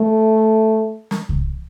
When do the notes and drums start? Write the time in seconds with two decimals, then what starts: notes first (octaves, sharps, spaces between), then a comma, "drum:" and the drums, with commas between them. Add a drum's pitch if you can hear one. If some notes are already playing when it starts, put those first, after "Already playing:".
Already playing: A3
1.11 drum: snare
1.29 drum: kick C2